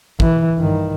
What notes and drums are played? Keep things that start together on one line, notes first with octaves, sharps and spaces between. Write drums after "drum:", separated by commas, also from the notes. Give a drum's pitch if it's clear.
E3, drum: kick
G2 D#3